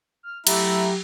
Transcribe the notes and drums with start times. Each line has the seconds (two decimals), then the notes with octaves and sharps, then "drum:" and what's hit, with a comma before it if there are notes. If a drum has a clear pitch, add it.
0.23 F6
0.47 F#3 A3 E4 G4 A#5, drum: cymbal